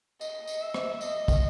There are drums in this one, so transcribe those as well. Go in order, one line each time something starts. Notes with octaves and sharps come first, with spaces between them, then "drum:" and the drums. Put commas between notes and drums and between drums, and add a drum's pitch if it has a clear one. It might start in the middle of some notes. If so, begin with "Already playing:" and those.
D#5, drum: tambourine
drum: tambourine
E5
drum: rim click
D#5, drum: tambourine
drum: kick, tambourine